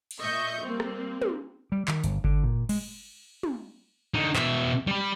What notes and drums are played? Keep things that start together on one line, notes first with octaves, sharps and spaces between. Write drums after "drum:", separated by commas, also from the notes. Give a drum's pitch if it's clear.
drum: cymbal
A#2 D#5 E5 C#6 G6
G3 A#3 C4
drum: rim click
drum: tom
G3
D#3, drum: clap
G1, drum: hi-hat
D3, drum: kick G1
A#2
G#3, drum: cymbal
drum: tom
D3 D#4
B2 E5, drum: clap
G3 B5